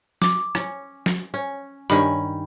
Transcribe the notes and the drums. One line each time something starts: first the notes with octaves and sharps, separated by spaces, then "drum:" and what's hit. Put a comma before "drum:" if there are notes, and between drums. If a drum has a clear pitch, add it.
D6, drum: snare
C#4, drum: rim click
drum: snare
C#4
G2 D#3 C#4 B5, drum: hi-hat